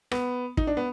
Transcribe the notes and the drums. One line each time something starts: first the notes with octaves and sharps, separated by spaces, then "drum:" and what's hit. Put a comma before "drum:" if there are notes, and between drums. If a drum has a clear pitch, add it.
B3, drum: rim click
D#4, drum: kick
D4
B3